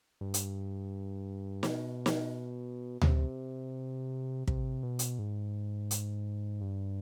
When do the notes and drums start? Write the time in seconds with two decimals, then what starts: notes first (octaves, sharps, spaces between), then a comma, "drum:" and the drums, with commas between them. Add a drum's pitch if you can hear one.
0.21 G2
0.34 drum: hi-hat
1.63 B2, drum: snare
2.06 drum: snare
3.01 B2, drum: tom D2
3.05 C3
4.47 C3, drum: kick
4.83 B2
4.99 drum: hi-hat
5.19 G#2
5.91 drum: hi-hat
6.61 G2